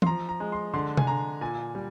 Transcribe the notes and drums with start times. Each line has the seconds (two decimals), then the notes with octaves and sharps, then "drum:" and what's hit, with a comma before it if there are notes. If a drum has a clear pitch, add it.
0.02 C6, drum: tom E3
0.07 F3 A#5
0.29 A#5
0.40 G#3
0.52 C6
0.74 D3 C6
0.97 G#5, drum: tom
1.07 D3 A#5
1.41 A#2 G#5
1.75 G3